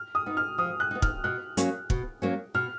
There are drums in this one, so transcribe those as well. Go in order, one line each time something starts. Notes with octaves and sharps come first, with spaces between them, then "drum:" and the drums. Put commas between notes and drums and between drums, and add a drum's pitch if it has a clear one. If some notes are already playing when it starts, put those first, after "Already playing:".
Already playing: F6
D#6
B3 D#4
F6
F3 D#6
F#6
B3 D#4
F6, drum: kick
B2 F#6
F#3 A#3 C#4, drum: hi-hat
B2, drum: kick
F#3 A#3 C#4
B2 F6